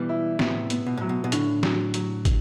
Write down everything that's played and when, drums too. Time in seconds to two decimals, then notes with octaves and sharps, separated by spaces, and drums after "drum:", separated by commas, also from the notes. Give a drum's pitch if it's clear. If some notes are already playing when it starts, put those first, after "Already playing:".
Already playing: B2 E3 G3
0.09 E4
0.39 A2 C3 B3, drum: snare
0.70 B3, drum: hi-hat
0.86 B2
0.97 A2 F#3
1.09 B2
1.24 B2
1.32 A2 D3, drum: hi-hat
1.63 F#3, drum: snare
1.94 F#3, drum: hi-hat
2.25 drum: kick, hi-hat